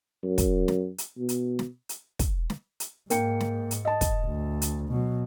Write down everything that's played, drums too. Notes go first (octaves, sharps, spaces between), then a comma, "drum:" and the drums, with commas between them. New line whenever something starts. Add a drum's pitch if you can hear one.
F#2
drum: kick, hi-hat
drum: snare
drum: hi-hat
B2
drum: hi-hat
drum: snare
drum: hi-hat
drum: kick, hi-hat
drum: snare
drum: hi-hat
G#2 A#3 G5 C#7, drum: hi-hat
drum: snare
drum: hi-hat
D#5 A5
drum: kick, hi-hat
D2
drum: hi-hat
B2 F#3